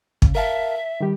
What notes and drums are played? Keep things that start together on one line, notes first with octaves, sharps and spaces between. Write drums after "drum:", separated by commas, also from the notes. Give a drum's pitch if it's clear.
C#3, drum: kick
A#4 E5 F5 A5
D#3 G3 G4